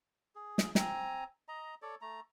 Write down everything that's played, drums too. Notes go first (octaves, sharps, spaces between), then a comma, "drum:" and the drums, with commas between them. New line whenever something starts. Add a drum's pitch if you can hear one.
G#4
drum: snare
C4 G#5 A#5, drum: snare
D#5 A#5
A4 C#5 D5
A3 A#5